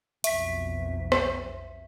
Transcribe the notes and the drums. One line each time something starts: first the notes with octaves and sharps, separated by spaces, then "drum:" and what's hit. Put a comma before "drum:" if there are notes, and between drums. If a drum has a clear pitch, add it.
B1 F2 E5 B6, drum: hi-hat
drum: rim click